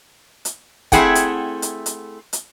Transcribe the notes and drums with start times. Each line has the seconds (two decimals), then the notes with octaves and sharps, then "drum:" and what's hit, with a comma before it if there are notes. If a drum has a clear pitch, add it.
0.45 drum: hi-hat
0.92 A3 C4 E4 G#4 F#5 G5, drum: kick, hi-hat
1.15 drum: hi-hat
1.62 drum: hi-hat
1.86 drum: hi-hat
2.33 drum: hi-hat